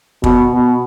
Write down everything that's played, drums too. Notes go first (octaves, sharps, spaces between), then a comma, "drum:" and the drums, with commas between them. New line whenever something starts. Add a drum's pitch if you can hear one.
B2, drum: kick
B2